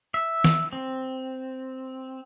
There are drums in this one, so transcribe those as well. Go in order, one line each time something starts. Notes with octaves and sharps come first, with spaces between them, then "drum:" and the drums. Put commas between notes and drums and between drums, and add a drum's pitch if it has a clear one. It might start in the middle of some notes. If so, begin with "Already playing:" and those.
E5
drum: snare
C4